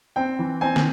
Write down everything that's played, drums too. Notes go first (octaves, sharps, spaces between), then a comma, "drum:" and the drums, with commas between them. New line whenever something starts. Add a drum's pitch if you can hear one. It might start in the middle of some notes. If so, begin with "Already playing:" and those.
C4 G5
E3
C4 G#5
drum: snare